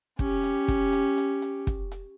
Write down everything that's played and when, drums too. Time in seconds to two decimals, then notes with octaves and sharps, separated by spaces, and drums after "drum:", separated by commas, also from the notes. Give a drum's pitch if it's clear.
0.19 C#4 G4, drum: kick
0.44 drum: hi-hat
0.68 drum: kick, hi-hat
0.93 drum: hi-hat
1.18 drum: hi-hat
1.42 drum: hi-hat
1.67 drum: kick, hi-hat
1.92 drum: hi-hat